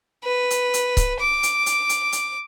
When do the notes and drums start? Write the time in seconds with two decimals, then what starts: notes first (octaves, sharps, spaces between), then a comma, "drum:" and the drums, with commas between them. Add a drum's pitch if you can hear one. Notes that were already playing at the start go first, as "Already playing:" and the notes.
0.24 B4
0.50 drum: hi-hat
0.74 drum: hi-hat
0.97 drum: kick C#1, hi-hat
1.20 D6
1.43 drum: hi-hat
1.66 drum: hi-hat
1.89 drum: hi-hat
2.12 drum: hi-hat